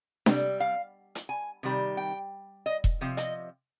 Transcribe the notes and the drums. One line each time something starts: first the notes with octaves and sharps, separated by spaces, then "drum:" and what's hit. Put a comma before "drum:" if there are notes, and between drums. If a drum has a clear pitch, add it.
C3 G3, drum: snare D4
F5
drum: hi-hat
G#5
C3 D#3 G3
G5
D#5
drum: kick E1
C3 F3
D#5, drum: hi-hat